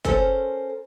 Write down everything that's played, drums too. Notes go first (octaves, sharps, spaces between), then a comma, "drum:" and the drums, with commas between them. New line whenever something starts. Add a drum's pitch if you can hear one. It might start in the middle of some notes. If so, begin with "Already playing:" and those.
C#4 A4 A#4 C5, drum: kick F#1